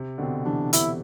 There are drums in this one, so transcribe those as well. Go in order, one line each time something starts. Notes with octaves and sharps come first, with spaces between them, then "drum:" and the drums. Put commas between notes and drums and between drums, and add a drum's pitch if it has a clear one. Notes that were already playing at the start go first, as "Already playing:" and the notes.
Already playing: C3
B2 D3 C4
C3 E3 D4
C3 E4, drum: hi-hat